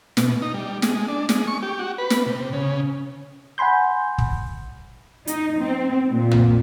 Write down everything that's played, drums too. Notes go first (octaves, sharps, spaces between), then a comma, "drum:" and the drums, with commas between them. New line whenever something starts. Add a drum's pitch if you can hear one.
B2, drum: snare
D#4
G3
G#3, drum: snare
D4
G#3, drum: snare
C#6
G4
F#4
B4
drum: snare
C3
C#3
F#5 G#5 B5 C6 G6
drum: kick
D#4, drum: hi-hat
C4
A#2
drum: tom